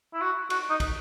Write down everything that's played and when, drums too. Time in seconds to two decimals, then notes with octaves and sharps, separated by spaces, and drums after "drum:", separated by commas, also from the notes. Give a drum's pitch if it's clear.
0.14 E4
0.21 F#4
0.50 F#4, drum: cymbal
0.70 D#4
0.80 drum: kick, cymbal